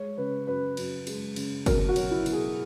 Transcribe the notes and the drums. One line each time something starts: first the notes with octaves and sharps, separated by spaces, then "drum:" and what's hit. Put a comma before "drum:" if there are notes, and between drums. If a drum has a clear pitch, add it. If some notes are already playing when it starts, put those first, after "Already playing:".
Already playing: G#3 C#5
C#3 B4
F#2 B4
F#2, drum: cymbal
G#3, drum: cymbal
C#3, drum: cymbal
B2 A#4, drum: kick F#1, cymbal
F#4
F#3, drum: cymbal
E4
B2, drum: cymbal
G#4